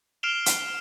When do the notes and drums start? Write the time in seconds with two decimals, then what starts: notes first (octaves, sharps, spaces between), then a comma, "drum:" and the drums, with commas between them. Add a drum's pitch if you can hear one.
0.23 F6 C7 D7 E7 F7 G7
0.46 drum: hi-hat